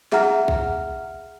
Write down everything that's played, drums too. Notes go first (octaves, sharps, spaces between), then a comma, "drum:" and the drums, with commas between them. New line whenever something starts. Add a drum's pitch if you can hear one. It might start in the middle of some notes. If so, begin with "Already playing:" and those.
G#4 E5 F#5 A#5 F6, drum: snare
drum: kick